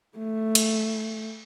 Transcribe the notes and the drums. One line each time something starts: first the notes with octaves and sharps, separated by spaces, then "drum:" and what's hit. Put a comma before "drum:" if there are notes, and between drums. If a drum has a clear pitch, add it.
A3
drum: cymbal